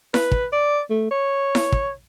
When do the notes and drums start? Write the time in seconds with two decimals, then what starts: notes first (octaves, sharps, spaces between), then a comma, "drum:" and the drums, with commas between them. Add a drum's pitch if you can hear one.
0.14 B4, drum: snare E4
0.32 drum: kick
0.52 D5
0.90 A3
1.11 C#5
1.55 drum: snare E4
1.72 drum: kick